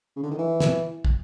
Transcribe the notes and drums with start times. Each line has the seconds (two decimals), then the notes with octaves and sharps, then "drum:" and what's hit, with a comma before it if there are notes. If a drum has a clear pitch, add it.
0.16 C#3
0.23 D3
0.31 D#3
0.38 E3
0.60 drum: snare
1.05 drum: kick